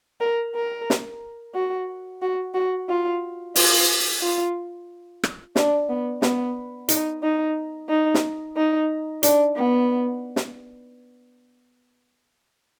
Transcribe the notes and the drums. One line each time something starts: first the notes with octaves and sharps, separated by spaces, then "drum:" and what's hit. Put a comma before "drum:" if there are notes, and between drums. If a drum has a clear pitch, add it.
A#4
A#4
drum: snare
F#4
F#4
F#4
F4
F4, drum: open hi-hat
F4
drum: rim click
D4, drum: snare
B3
B3, drum: snare
D#4, drum: hi-hat
D#4
D#4
drum: snare
D#4
D4, drum: hi-hat
B3
drum: snare